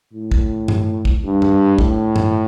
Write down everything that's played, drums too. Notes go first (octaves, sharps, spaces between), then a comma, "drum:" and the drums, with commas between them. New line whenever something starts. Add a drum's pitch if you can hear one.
A2
drum: kick
drum: tom G2
drum: kick
G2
drum: tom F#2
A2, drum: kick
drum: tom G2